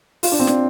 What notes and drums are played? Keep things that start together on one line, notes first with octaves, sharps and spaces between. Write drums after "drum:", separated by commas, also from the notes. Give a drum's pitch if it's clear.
F4, drum: open hi-hat
D4
C4
D4, drum: snare